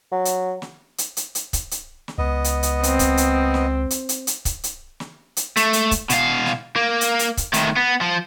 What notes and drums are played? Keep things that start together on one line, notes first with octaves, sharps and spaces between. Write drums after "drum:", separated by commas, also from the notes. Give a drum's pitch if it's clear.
F#3
drum: hi-hat
drum: snare
drum: hi-hat
drum: hi-hat
drum: hi-hat
drum: kick C#1, hi-hat
drum: hi-hat
drum: snare
C#2 B3 D#5
drum: hi-hat
drum: hi-hat
C4, drum: hi-hat
drum: kick C#1, hi-hat
drum: hi-hat
drum: snare
drum: hi-hat
drum: hi-hat
drum: hi-hat
drum: kick C#1, hi-hat
drum: hi-hat
drum: snare
drum: hi-hat
A3, drum: hi-hat
drum: hi-hat
drum: kick C#1, hi-hat
B2 F5, drum: hi-hat
drum: snare
A#3
drum: hi-hat
drum: hi-hat
drum: kick C#1, hi-hat
A2 D#3, drum: hi-hat
B3
F3